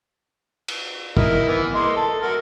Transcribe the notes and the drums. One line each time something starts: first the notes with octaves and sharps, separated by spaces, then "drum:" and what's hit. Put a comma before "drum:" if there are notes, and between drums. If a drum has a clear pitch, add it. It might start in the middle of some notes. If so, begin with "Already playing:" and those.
drum: cymbal
D#4 E4 A#4, drum: kick
E3 B3
A#3 D#5 C6
A4
F#4 A#4